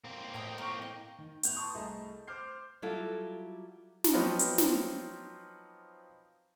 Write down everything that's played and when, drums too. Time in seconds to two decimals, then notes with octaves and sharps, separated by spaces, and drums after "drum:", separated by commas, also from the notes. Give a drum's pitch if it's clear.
0.04 A#3 C4
0.34 A2 F5 G5 A#5 D#6
0.58 A#4 C#6
0.82 D#5
1.19 D#3
1.43 A2 B3 G6 F7, drum: hi-hat
1.56 A5 C6 C#6 D#6
1.75 C2 A3 G#4 D#5 A5 A#5
2.27 C5 D6 F6 G6 C7
2.82 F#3 G3 E4 F4 A4
4.04 drum: snare
4.13 F3 F#3 B3 C4 D#4 F4
4.39 drum: hi-hat
4.58 drum: snare